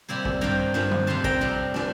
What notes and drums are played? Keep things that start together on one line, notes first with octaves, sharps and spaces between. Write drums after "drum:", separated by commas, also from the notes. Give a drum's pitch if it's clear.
C3 G3 A#3 E4
drum: kick
G2 F3 A#3 G5 A#5
G2 F3 A#3, drum: snare
drum: tom D3
F2 C3 G3 A5 C6
G5 A#5, drum: kick
F2 C3 G3
G3 D4, drum: snare